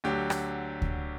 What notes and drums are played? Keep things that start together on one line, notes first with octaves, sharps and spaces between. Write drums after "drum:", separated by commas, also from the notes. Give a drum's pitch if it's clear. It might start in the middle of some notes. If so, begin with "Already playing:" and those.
D2 D3 F#3 G4
drum: rim click
drum: kick D2